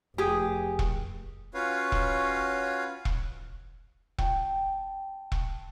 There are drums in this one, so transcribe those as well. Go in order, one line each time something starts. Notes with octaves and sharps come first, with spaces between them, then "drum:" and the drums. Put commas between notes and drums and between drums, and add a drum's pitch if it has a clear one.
F1 G4 G#4
drum: kick E1
C#4 F4 F#4 B4 C#5 F5
drum: kick E1
drum: kick E1
G5 A5, drum: kick E1
drum: kick E1